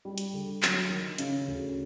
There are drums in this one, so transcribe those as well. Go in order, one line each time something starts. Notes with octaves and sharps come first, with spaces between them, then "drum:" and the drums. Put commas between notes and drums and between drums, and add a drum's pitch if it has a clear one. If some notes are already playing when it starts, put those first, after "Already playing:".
G3
drum: hi-hat
D3
F#3, drum: clap
D#3
C#3, drum: hi-hat
D2